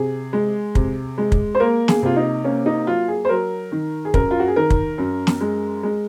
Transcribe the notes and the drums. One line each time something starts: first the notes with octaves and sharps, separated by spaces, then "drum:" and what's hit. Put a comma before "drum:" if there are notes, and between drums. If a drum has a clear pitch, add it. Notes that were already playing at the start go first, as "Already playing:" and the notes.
Already playing: C3 G#4
G#3
C3, drum: kick
G#3
drum: kick
C5
A#3 A#4
G#4, drum: snare
C3 F4
D#4
A#3 C#4
D#4
F#3 F4
G#4
C5
F#3 A#4
D#3
G#4
F#2 A#4, drum: kick
F4
F#4
G#4
D#3 A#4
drum: kick
F#2
drum: snare
G#3
G#3